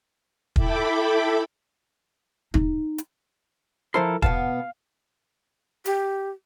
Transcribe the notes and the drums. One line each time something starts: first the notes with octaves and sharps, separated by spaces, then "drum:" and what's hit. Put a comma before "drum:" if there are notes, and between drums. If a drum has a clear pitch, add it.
E4 A4 E5 G5 B5 D6, drum: kick
D#4, drum: kick
drum: hi-hat
F3 E4 A4 A#4 C5 C6
B2 B3 F5 A5, drum: kick
G4, drum: hi-hat